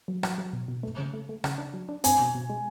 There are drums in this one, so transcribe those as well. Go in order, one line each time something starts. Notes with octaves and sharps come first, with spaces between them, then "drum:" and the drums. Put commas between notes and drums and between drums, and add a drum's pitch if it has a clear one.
F#3
F#3, drum: rim click
F#3
B2
B2
A3
C#3
A3
A3
C#3, drum: rim click
D4
F#3
D4
C4 G#5, drum: hi-hat
B2
B2
G#3